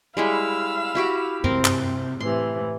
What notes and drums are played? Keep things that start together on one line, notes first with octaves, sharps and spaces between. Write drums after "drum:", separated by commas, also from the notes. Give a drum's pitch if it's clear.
G3 G#3 E4 F5 B5 E6
E4 F#4 G4
C3 C4 A#4, drum: tom G2
drum: clap
A2 C3 E3 C6